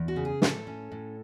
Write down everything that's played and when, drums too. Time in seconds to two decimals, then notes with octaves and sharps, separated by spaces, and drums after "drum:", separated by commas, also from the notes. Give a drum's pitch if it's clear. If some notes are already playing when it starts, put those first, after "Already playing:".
Already playing: E2
0.08 F#4
0.16 C#3
0.25 G#4
0.42 A2 A4, drum: snare
0.67 C#4
0.92 A2